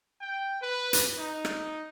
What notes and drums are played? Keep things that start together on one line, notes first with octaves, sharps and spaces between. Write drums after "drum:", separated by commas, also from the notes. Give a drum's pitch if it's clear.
G5
B4
drum: hi-hat
D#4
drum: rim click